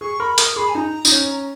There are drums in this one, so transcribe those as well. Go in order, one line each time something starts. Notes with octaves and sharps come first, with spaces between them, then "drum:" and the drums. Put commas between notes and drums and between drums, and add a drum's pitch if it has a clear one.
G#4 C#6
A#4 B5
A#4 D#6, drum: hi-hat
G#4 B5
G#5
D#4 A#5
D#4, drum: tambourine
C#4